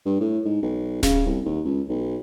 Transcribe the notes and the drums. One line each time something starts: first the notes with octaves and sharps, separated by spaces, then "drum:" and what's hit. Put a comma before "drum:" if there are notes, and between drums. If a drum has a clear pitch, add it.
G2
A2
G#2
B1
C#3, drum: snare D1
C2
D#2
C#2
B1